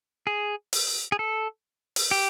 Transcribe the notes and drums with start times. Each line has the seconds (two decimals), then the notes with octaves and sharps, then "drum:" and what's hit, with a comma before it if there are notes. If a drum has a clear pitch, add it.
0.27 G#4
0.73 drum: open hi-hat
1.12 G#4
1.19 A4
1.96 drum: open hi-hat
2.11 G4